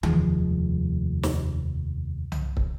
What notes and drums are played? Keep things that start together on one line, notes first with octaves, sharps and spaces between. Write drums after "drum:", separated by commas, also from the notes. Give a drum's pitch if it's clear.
F1 D#2 F3 G#3, drum: tom D#3
drum: snare
drum: tom C2
drum: kick